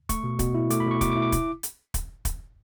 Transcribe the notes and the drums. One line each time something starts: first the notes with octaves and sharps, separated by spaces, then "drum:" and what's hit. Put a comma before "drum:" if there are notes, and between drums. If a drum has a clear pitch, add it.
A3 C#6, drum: kick, hi-hat
B2
B2, drum: kick, hi-hat
E4
A3 D6, drum: hi-hat
B5
B2 C#6
B2 D6, drum: kick, hi-hat
D6
E4
D6
drum: kick, hi-hat
drum: hi-hat
drum: kick, hi-hat
drum: kick, hi-hat